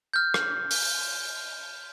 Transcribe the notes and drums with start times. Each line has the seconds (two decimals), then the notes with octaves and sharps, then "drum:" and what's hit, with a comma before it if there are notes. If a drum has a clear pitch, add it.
0.14 F6 G6
0.34 drum: rim click
0.71 drum: open hi-hat